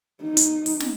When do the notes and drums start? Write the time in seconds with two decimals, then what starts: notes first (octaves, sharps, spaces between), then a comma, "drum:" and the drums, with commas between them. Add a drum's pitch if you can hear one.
0.22 D#4
0.37 drum: hi-hat
0.66 drum: open hi-hat
0.80 drum: snare